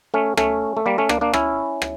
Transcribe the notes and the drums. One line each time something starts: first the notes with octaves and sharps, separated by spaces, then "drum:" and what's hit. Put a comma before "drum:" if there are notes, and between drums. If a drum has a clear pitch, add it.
A3 C#4
A3 C#4, drum: rim click
A3
G3 A#3
A3 C#4
A#3 D4, drum: rim click
A#3 D4
C#4 E4, drum: rim click
drum: rim click